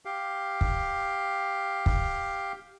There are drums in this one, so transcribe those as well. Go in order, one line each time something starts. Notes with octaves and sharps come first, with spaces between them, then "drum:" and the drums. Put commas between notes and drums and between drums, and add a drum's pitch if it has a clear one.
G4 F5
drum: kick
drum: kick